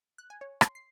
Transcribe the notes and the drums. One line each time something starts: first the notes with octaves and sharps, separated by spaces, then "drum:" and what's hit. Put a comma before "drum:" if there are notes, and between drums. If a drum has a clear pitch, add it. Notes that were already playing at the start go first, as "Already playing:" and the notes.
F#6
G#5
C#5
C6, drum: rim click
C7